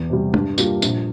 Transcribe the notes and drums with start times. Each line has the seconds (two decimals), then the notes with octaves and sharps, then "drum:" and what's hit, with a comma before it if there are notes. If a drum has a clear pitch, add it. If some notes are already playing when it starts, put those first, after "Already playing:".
Already playing: E2
0.10 C3 G3
0.34 G2, drum: tom
0.58 G3 A#3 F4, drum: tambourine
0.82 A#1, drum: tambourine